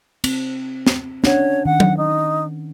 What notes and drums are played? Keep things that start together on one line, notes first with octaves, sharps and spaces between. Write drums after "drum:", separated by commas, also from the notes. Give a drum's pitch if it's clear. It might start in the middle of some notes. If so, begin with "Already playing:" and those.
C4, drum: cymbal
drum: snare
C#4 D4 C#5 F#5, drum: snare
D#3 F#5
drum: tom F#3
D#4